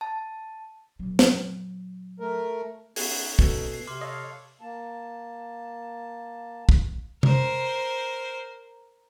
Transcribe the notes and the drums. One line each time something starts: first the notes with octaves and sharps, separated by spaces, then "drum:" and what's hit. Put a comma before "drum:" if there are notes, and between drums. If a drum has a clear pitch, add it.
A5
A#2 F#3
drum: snare
A3 A#4
B3 C#4 D#4 F#6 G#6, drum: open hi-hat
B2 A4, drum: kick
C7
C3 C6 D6 F6
A4 C#5 D#5 F5
A#3 A5
drum: kick
A#4 C5, drum: tom C3